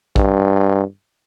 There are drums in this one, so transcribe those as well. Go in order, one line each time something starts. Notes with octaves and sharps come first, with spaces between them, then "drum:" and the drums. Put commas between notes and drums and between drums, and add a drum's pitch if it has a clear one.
G2, drum: kick A#1